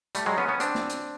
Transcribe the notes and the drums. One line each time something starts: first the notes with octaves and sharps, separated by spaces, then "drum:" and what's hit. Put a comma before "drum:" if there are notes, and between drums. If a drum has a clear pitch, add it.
G3 A3, drum: hi-hat
F#3 G#3
B3 C#4
B3 C#4
C4 D4, drum: hi-hat
drum: snare
drum: hi-hat